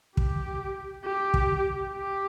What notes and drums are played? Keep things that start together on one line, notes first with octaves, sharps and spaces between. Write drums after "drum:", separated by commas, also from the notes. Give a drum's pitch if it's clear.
G4, drum: kick
G4
drum: kick
G4